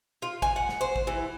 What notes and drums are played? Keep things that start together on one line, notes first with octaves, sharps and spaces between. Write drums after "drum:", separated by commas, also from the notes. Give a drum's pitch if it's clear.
F4
G#5, drum: kick
F#5
drum: snare
C5
drum: kick
E3